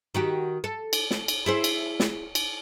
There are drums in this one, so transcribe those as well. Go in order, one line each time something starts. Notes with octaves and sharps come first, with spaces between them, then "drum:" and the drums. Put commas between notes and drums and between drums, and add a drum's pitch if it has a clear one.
D#3 F#4 G4
A4
drum: cymbal
drum: snare
drum: cymbal
E4 G#4 C5
drum: cymbal
drum: snare
drum: cymbal